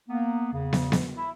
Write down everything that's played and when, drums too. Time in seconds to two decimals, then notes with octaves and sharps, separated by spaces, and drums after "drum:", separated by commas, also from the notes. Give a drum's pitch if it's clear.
0.09 A#3 B3
0.53 E2 C#3
0.73 drum: snare
0.92 drum: snare
1.16 E4